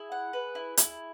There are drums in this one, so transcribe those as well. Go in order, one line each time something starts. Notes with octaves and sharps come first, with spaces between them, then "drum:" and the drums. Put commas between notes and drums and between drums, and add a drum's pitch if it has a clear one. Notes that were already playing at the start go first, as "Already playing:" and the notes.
Already playing: E4 G#4
F#5
B4
E4
E4, drum: hi-hat